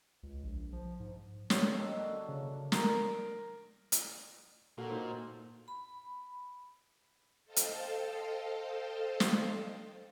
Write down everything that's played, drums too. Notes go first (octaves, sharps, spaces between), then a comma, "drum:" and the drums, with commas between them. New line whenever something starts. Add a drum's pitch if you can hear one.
C#2
A#1
F3
G#2
G3 A#3 C#4 C#5, drum: snare
D#3 D4 E6
F#2 D3 F#4
C#3 C#4
A#4, drum: snare
drum: hi-hat
A#2 F#4 A4 F5
D#4 C5
B5
A4 C5 D#5 F5 G5 A5
drum: hi-hat
drum: snare